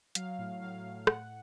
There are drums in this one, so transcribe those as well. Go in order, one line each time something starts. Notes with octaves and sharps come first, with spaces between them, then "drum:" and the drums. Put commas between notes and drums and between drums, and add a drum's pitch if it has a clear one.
F#3 F5, drum: hi-hat
A2
F#3 F5
A2
A2 F#5, drum: rim click